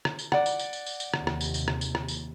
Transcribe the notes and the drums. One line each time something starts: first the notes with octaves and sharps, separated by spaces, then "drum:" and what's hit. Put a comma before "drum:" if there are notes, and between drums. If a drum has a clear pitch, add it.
drum: rim click
drum: tambourine
D5 F#5, drum: rim click
drum: tambourine
drum: tambourine
drum: tambourine
drum: tambourine
drum: tambourine
D#2 C3, drum: rim click
drum: rim click
drum: tambourine
drum: tambourine
drum: rim click
drum: tambourine
drum: rim click
drum: tambourine